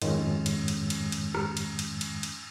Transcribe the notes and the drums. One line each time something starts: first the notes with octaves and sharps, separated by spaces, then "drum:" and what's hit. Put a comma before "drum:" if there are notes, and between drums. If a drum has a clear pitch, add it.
F2 G#2 D#3 G#3 C#4, drum: cymbal
drum: cymbal
drum: cymbal
drum: cymbal
drum: cymbal
drum: rim click
drum: cymbal
drum: cymbal
drum: cymbal
drum: cymbal